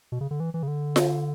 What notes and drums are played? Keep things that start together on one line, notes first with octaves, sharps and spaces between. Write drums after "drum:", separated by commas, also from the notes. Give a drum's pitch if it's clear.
B2
C#3
D3
E3
E3
C#3
D3
drum: snare F4